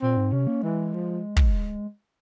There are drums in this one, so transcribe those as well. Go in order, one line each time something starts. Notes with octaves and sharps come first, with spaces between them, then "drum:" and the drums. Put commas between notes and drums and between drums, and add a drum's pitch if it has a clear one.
A#2 C4
G#2
C3 C#4
A#3
E3 G#3
F3
drum: kick